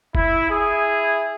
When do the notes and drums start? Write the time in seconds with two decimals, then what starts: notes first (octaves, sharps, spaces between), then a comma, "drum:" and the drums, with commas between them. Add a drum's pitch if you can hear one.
0.15 E4, drum: kick F1
0.50 E4 G#4